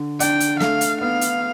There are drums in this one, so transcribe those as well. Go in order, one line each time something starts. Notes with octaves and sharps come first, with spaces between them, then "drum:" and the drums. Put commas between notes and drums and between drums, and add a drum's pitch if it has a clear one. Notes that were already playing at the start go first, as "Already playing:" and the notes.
Already playing: D3
D4 G5, drum: hi-hat
drum: hi-hat
A3 F5, drum: snare
drum: hi-hat
B3 F5
drum: hi-hat